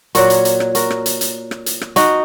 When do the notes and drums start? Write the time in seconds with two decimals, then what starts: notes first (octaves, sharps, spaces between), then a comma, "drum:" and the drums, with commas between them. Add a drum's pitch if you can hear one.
0.15 A#2 F#3 F#4 A#4, drum: hi-hat
0.30 drum: hi-hat
0.45 drum: hi-hat
0.60 drum: rim click
0.75 F#4 A#4, drum: hi-hat
0.90 drum: rim click
1.06 drum: hi-hat
1.21 drum: hi-hat
1.51 drum: rim click
1.66 drum: hi-hat
1.81 drum: rim click
1.96 D#4 F#4, drum: hi-hat